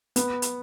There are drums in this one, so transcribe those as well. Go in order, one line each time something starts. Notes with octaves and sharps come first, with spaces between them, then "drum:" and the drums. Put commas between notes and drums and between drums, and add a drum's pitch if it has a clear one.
B3, drum: hi-hat
drum: hi-hat